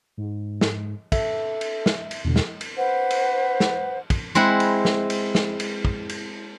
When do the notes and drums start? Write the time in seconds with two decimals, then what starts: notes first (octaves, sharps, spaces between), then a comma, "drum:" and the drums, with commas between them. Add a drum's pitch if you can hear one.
0.17 G#2
0.61 drum: snare
1.12 A4 E5, drum: kick, cymbal
1.61 drum: cymbal
1.86 drum: snare
2.11 drum: cymbal
2.25 E2 B2 D3
2.36 drum: snare
2.61 drum: cymbal
2.77 B4 C5 F#5
3.11 drum: cymbal
3.60 drum: snare
4.10 drum: kick, cymbal
4.35 G#3 C4 E4 F#5 B5
4.60 drum: cymbal
4.85 drum: snare
5.10 drum: cymbal
5.35 drum: snare
5.60 drum: cymbal
5.85 drum: kick
6.10 drum: cymbal